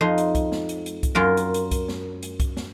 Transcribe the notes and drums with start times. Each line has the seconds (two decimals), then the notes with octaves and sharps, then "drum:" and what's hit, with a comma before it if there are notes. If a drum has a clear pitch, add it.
0.01 F2 D#4 C6
0.18 drum: hi-hat
0.35 drum: kick C2, hi-hat
0.52 drum: snare
0.69 drum: hi-hat
0.86 drum: hi-hat
1.03 drum: kick C2, hi-hat
1.15 F#2 F4 A#4
1.37 drum: hi-hat
1.54 drum: hi-hat
1.71 drum: kick C2, hi-hat
1.88 drum: snare
2.23 drum: hi-hat
2.40 drum: kick C2, hi-hat
2.57 drum: snare